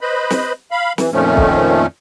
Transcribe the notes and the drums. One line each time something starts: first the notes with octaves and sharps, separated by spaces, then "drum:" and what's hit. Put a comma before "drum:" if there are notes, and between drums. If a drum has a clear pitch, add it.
B4 C5 D#5 B5
drum: snare
F5 B5
E3, drum: snare
F2 A#2 D#3 F3 A3 C#4
drum: kick B1